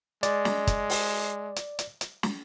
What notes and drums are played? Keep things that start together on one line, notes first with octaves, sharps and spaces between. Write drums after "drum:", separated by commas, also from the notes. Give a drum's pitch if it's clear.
G#3 D5, drum: hi-hat
drum: snare
drum: kick, hi-hat
drum: open hi-hat
drum: hi-hat
drum: hi-hat
drum: hi-hat
drum: snare